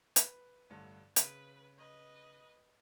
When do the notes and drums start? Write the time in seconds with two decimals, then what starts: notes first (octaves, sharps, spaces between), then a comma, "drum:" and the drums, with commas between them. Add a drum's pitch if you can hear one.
0.16 B4, drum: hi-hat
0.70 A1 G2 D3
1.16 C#3 B4 D7, drum: hi-hat
1.78 B4 D#5